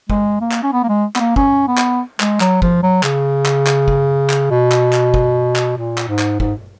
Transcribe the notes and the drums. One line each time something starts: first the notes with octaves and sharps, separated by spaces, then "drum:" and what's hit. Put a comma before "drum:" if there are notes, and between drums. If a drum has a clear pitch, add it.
G#3, drum: kick
A#3
drum: clap
C#4
B3
A#3
G#3
B3, drum: clap
A#3
C#4, drum: kick
B3
drum: clap
G#3, drum: clap
F#3, drum: clap
F3, drum: kick
F#3
C#3, drum: clap
drum: clap
drum: clap
drum: kick
drum: clap
B2
drum: clap
drum: clap
drum: kick
drum: clap
A#2
drum: clap
G#2
drum: clap
G#2, drum: kick